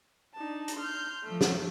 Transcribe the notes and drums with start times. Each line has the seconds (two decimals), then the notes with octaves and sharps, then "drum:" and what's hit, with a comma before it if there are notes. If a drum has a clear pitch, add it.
0.35 D4 D#4 A5
0.68 drum: hi-hat
0.78 C6 F6 G6
1.24 F3 A3
1.41 drum: snare